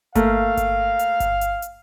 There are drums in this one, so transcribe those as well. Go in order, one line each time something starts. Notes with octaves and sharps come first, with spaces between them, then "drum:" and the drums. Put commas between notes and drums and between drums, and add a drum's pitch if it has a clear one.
A3 A#3 F5, drum: kick G1, hi-hat
drum: kick G1, hi-hat
drum: hi-hat
drum: kick G1, hi-hat
drum: hi-hat
drum: hi-hat